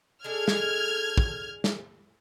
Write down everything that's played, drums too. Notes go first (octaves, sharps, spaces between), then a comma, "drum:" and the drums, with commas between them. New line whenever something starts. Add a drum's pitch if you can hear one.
G#3 D4 G#4 A4 F6 G#6
drum: snare
drum: kick
drum: snare